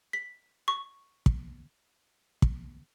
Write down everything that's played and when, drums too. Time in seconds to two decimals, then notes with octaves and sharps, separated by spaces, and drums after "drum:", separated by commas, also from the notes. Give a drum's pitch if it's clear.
0.13 B6
0.68 C#6
1.26 drum: kick
2.42 drum: kick